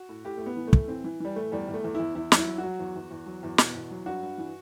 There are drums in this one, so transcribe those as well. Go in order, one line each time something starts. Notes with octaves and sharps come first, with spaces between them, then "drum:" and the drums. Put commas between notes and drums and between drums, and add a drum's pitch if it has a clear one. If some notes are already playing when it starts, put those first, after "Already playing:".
Already playing: F#4
A2
A2 G4
A2 A3
B3
E3
A3
A2, drum: kick
E3 C4
E3
E3 G3
A2 A3
E2 G3
E2
A3
E2
E4
E2
E2 E4
F#3, drum: snare
E4
F#3
F#4
F#3
E2
E2
E2
F#3
E2
B2, drum: snare
E2
F#3
G2 F#4
G2
E3